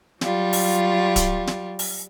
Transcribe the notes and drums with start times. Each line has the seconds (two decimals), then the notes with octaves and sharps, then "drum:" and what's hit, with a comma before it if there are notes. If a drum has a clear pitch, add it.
0.21 F#3 G3 F4, drum: snare
0.53 drum: open hi-hat
1.16 drum: kick D1, hi-hat
1.47 drum: snare
1.79 drum: open hi-hat